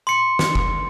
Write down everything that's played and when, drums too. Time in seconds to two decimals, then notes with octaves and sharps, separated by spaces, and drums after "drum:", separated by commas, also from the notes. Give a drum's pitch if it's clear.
0.07 C6 C#7
0.39 drum: snare
0.55 drum: kick F#1